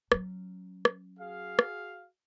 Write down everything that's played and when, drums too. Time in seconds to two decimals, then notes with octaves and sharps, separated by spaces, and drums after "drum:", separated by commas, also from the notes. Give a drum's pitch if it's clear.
0.12 F#3 C#4, drum: rim click
0.85 drum: rim click
1.18 F#4 G#4 F5
1.59 drum: rim click